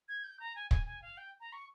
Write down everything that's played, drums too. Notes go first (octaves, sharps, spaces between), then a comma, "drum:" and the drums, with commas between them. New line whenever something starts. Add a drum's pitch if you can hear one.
G#6
G6
A#5
G#5
G#5, drum: kick
G#5
F5
G5
A#5
C#6